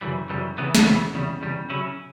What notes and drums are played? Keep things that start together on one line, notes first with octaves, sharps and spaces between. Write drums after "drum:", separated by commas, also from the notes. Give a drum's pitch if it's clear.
F#2 C#3 E3 G3
F#2 C#3 E3 G3
E2 C#3 E3 B3
drum: snare
E2 C#3 E3 B3
E2 C#3 G3
E2 C#3 G3
C#3 F#3 C#4 E4